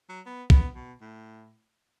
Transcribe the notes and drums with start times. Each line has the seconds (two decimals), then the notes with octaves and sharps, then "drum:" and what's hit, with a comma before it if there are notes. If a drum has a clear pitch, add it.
0.09 F#3
0.26 B3
0.50 B3, drum: kick
0.75 B2
1.01 A2